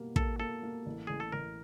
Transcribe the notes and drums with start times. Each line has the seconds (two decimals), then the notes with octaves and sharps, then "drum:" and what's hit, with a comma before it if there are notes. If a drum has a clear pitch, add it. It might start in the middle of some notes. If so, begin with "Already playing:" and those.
Already playing: B2 G3 A#3
0.16 A#3 A4, drum: kick
0.39 A#3 A4
0.63 A#3
0.86 A1
1.07 A1 G#4
1.20 A4
1.32 A1 A#4